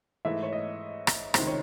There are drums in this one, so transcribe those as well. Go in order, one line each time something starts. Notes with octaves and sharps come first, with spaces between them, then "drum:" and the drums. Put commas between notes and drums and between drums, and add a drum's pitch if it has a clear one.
G#2 E3 A3 E5
C#5
D#5
drum: rim click
C#2 C3 D#3 C5, drum: rim click
C#5